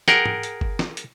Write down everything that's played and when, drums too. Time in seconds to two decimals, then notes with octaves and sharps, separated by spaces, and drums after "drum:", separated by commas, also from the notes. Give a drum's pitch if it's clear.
0.08 G#4 A#4 F#5 G5, drum: snare
0.26 drum: tom G#2
0.43 drum: hi-hat
0.61 drum: kick
0.79 drum: snare
0.97 drum: hi-hat